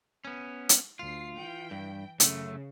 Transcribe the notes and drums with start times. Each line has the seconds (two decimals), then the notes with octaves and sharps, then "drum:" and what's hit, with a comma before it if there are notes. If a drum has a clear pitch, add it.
0.25 B3 C#4
0.69 drum: hi-hat
0.99 D2 F4 C7
1.38 E3 G5
1.71 G2
2.20 F#2 C#3 A3, drum: hi-hat